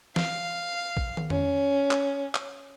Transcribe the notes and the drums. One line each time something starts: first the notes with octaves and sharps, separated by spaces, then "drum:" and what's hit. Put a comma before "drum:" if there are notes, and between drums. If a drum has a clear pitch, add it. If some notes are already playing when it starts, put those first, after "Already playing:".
F5, drum: snare
drum: kick
drum: tom
C#4, drum: tom
drum: clap
drum: clap